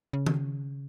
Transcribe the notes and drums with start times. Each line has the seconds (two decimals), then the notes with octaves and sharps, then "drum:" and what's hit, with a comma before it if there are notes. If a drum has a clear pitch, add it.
0.13 C#3
0.26 drum: tom D#3